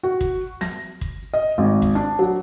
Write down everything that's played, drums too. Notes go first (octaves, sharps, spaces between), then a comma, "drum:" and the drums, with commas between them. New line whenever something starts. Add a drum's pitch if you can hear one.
F#4
drum: kick
A#6, drum: snare
drum: kick
D#5
G#1
drum: kick
D4
F#3